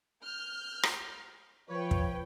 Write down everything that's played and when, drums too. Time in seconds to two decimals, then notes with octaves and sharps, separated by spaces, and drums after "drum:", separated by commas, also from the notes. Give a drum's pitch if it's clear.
0.23 F6 G6
0.83 drum: rim click
1.70 F3 B4 C#5 G5
1.91 drum: kick